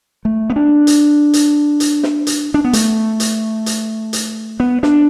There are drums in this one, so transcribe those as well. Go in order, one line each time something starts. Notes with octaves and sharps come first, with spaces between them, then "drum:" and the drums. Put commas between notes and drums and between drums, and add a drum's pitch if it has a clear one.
A3
B3
D4
drum: hi-hat
drum: hi-hat
drum: hi-hat
drum: snare
drum: hi-hat
D4
B3
A3, drum: hi-hat
drum: hi-hat
drum: hi-hat
drum: hi-hat
B3
D4, drum: snare